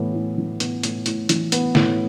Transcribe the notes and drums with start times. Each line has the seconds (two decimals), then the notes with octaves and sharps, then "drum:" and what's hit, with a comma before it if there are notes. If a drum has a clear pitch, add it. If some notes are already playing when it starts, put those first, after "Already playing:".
Already playing: A2 E3 B3
0.14 A2
0.38 E3
0.60 B3, drum: hi-hat
0.83 A2, drum: hi-hat
1.06 A2, drum: hi-hat
1.29 E3, drum: hi-hat
1.52 B3, drum: hi-hat
1.75 A2, drum: snare